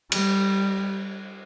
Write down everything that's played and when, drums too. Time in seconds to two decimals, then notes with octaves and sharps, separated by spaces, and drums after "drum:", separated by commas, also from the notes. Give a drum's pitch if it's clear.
0.12 G3, drum: cymbal